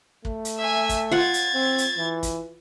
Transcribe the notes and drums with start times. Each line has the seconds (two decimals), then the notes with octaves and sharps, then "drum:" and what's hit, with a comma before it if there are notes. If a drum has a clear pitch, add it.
0.25 A3, drum: kick
0.45 drum: hi-hat
0.58 E5 G#5
0.89 drum: kick, hi-hat
1.12 F4 F#5 G#6 A6
1.34 drum: hi-hat
1.54 C4
1.78 drum: hi-hat
1.97 E3
2.23 drum: kick, hi-hat